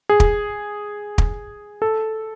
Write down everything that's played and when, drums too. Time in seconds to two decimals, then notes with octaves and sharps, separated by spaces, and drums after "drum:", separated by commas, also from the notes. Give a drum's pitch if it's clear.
0.09 G#4
0.20 drum: kick
1.18 drum: kick
1.82 A4